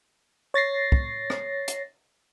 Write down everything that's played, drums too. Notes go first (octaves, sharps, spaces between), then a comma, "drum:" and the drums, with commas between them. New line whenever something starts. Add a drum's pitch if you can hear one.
C#5 A6 A#6 C7
drum: kick
drum: rim click
drum: hi-hat